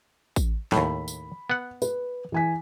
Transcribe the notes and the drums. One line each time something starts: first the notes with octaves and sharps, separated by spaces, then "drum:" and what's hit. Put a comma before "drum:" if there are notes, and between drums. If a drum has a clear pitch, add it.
drum: kick A1, tambourine
D#2 A2 B5, drum: snare
drum: tambourine
B3 F#5
B4, drum: tambourine
E3 G#5 B6